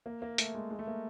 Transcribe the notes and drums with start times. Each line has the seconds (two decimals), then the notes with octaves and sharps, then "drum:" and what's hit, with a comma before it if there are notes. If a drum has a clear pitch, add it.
0.06 A#3
0.22 A#3
0.38 A3, drum: hi-hat
0.54 G#3
0.71 G#3
0.79 A3
0.87 A#3